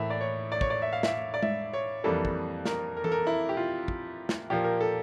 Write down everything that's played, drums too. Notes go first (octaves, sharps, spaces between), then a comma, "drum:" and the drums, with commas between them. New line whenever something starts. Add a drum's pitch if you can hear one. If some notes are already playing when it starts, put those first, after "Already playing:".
Already playing: A2 E3 A#3 E5
D5
C#5
D5
C#5, drum: kick
D5
E5
F5
E5, drum: snare
D5
E5, drum: tom G#3
C#5
F2 E3 G3 A#3 A4
drum: kick
A#4, drum: snare
A#4
A4, drum: tom E3
A#4
E4
G4
F4
drum: kick
drum: snare
A#2 F3 A#3 G4
A#4
A4